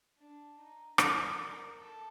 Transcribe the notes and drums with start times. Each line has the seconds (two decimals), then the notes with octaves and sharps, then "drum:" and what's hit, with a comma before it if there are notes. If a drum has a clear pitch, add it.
0.17 D4
0.58 D#4
0.98 D5, drum: rim click
1.38 A#4
1.78 A4